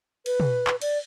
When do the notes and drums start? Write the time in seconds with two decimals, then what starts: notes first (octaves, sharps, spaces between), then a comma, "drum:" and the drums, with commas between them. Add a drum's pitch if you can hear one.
0.26 B4, drum: cymbal
0.40 drum: tom
0.67 drum: clap
0.81 D5, drum: cymbal